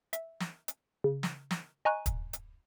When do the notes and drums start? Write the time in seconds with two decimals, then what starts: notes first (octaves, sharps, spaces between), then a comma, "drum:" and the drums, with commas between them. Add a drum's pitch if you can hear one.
0.13 E5, drum: hi-hat
0.40 drum: snare
0.68 drum: hi-hat
1.04 C#3
1.23 drum: snare
1.51 drum: snare
1.85 D#5 G#5 A#5 C#6 F#6 D#7
2.06 drum: kick, hi-hat
2.33 drum: hi-hat